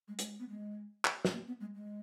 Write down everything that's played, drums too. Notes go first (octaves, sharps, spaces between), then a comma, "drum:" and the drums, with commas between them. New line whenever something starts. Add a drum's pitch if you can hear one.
G#3
G#3, drum: hi-hat
B3
G#3
drum: clap
drum: snare
A#3
B3
G#3
G#3